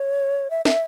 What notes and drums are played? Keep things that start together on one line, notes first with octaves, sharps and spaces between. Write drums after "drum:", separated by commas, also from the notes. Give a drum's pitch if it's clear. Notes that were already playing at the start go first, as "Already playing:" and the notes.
Already playing: C#5
E5
E5, drum: snare